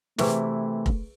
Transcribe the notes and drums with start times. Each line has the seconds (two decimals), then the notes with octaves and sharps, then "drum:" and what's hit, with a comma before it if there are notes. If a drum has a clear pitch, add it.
0.18 C3 E3 A3 E4 G#4 B4 C#6, drum: snare
0.86 drum: kick F1